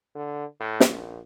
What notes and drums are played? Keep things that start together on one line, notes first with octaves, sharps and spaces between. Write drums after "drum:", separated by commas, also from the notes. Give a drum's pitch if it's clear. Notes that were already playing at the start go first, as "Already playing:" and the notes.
D3
A2
drum: snare
A#1